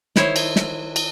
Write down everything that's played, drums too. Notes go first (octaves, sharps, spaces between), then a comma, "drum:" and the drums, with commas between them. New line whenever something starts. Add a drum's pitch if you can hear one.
D#3 E4 C5 C#5, drum: snare
drum: cymbal
drum: snare
drum: cymbal